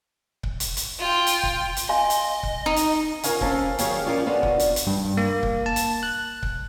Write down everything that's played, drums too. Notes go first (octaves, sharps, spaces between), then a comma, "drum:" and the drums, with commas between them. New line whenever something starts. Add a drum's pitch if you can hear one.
drum: kick C#1
drum: hi-hat
drum: hi-hat
F4 G5
drum: hi-hat
drum: kick C#1
drum: hi-hat
D#5 F5 G#5 C6
drum: hi-hat
drum: kick C#1
D#4
drum: hi-hat
F4 F#4 A#4 C#5 F5 G#5, drum: hi-hat
A#3 C4 C#4 A4 F5 A5, drum: kick C#1
D#3 F#3 G4 G#4 C#5 F5, drum: hi-hat
C#4 F4 G4 G#4 A#4 D5
B3 D4 F4 F#4 A4
drum: kick C#1
drum: hi-hat
drum: hi-hat
G2
A#3
drum: kick C#1
A5
drum: hi-hat
F#6
drum: kick C#1